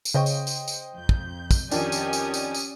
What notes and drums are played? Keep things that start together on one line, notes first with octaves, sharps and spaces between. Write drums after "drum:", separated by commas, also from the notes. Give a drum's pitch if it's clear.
drum: tambourine
C#3 C5 D#5 G5
drum: tambourine
drum: tambourine
drum: tambourine
F2 G6
drum: kick
drum: kick, tambourine
F2 D#3 C#4 D4 G4 D5 G#5 D#6, drum: tambourine
drum: tambourine
drum: tambourine
drum: tambourine
drum: tambourine